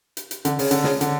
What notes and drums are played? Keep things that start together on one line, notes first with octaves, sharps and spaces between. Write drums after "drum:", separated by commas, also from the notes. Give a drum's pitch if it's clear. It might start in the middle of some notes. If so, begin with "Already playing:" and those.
drum: hi-hat
drum: hi-hat
D3, drum: hi-hat
C#3, drum: open hi-hat
D3, drum: hi-hat
C#3, drum: snare
D3, drum: hi-hat